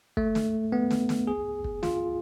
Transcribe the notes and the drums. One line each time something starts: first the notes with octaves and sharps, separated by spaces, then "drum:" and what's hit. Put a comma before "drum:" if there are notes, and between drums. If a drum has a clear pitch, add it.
A3, drum: kick
drum: snare
B3
drum: snare
drum: snare
G#4
drum: kick
F4, drum: snare